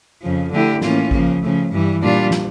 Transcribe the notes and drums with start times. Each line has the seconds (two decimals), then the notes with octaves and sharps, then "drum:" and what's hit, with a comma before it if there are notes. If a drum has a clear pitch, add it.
0.22 F2 C#3 F3
0.52 D3 A3 E4 G4
0.81 A2 E3 A#3 C#4 F4, drum: snare
1.11 C#3 F3 A#3, drum: kick A1
1.41 C#3 F3 A3
1.70 G2 E3 G3
2.01 A#2 G3 D4 F4
2.31 drum: snare